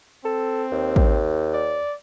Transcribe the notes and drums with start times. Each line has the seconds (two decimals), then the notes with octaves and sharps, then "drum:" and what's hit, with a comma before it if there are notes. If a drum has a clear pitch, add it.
0.25 C4 A4
0.72 D#2
0.96 drum: kick A1
1.53 D5